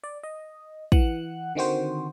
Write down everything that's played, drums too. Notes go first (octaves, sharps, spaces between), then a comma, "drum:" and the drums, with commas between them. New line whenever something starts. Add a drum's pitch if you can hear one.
D5
D#5
E3 F#5 F#6, drum: kick
D3 D#3 C4 F#4 C5